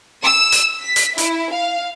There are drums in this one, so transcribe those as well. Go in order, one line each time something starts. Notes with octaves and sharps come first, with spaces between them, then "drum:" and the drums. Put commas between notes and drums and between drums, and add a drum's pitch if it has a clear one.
E6
drum: hi-hat
B6
drum: hi-hat
E4, drum: hi-hat
F5